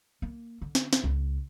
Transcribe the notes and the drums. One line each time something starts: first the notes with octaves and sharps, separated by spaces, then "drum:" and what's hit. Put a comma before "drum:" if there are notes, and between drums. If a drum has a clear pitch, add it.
A#3
D3
drum: snare
drum: snare
C#2